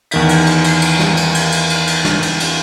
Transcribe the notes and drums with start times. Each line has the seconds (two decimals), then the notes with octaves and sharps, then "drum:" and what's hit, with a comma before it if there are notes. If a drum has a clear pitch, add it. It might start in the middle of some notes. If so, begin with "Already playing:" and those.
0.11 E2 D#3 B6, drum: cymbal
0.29 drum: cymbal
0.46 drum: cymbal
0.64 drum: cymbal
0.82 drum: cymbal
0.99 drum: snare
1.17 drum: cymbal
1.34 drum: cymbal
1.52 drum: cymbal
1.70 drum: cymbal
1.87 drum: cymbal
2.05 drum: snare
2.22 drum: cymbal
2.40 drum: cymbal